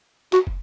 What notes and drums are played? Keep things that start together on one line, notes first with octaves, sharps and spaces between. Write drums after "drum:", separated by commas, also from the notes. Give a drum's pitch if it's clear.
F#4, drum: clap
drum: kick